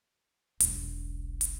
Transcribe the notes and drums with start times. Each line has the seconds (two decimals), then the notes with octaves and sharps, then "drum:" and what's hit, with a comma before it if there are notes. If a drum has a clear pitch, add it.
0.60 E1 B1, drum: hi-hat
1.41 drum: hi-hat